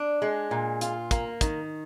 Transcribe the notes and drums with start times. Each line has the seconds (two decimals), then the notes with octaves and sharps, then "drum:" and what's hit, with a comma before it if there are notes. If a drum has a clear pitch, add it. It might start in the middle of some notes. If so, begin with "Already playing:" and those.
Already playing: D4
0.22 G#3
0.51 A#2
0.81 F4, drum: hi-hat
1.11 A#3, drum: kick, hi-hat
1.41 D#3, drum: kick, hi-hat